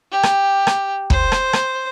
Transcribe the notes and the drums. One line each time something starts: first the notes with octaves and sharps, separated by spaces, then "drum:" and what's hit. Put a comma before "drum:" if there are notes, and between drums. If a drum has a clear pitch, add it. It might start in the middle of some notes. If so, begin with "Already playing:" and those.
G4
drum: rim click
drum: rim click
C5, drum: kick
drum: rim click
drum: rim click